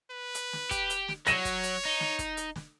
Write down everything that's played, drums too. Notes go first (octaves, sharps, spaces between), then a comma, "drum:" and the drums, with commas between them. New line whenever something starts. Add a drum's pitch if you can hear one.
B4
drum: hi-hat
drum: snare
G4, drum: kick, hi-hat
drum: hi-hat
drum: snare
F#3 C#5 A#6 D#7 E7, drum: hi-hat
drum: kick, hi-hat
drum: hi-hat
D#4
drum: snare
drum: kick, hi-hat
drum: hi-hat
drum: snare